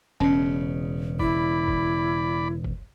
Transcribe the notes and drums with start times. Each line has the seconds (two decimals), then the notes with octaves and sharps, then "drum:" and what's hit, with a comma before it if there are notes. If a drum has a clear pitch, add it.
0.20 E1 C#3 C#4
1.19 E4 D5 B5, drum: kick
1.68 drum: kick
2.64 drum: kick